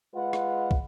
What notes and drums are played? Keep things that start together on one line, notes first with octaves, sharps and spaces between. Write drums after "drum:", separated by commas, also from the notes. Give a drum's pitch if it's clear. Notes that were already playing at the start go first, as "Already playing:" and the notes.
G#3 F4 B4 D#5 F#5
drum: rim click
drum: kick